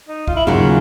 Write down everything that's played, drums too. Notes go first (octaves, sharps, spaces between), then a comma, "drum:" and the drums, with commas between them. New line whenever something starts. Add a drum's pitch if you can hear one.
D#4
F4, drum: kick
E4
D#2 C#3 F#3 F4